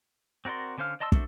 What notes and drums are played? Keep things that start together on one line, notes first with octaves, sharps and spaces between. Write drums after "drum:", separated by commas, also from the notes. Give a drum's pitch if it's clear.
C4 F#4 A#4 D5 C6
D3 C#4 C5 F5 F6
D5 D#5 A5 C6 E6
D4 F#4 A4 C5 E5, drum: kick